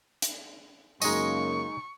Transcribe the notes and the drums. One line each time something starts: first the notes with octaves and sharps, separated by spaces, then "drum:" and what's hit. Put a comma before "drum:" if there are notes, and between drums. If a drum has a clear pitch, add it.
drum: hi-hat
F#2 C#3 G#3 A#3 D#4 D#5 G#5 C#6, drum: tambourine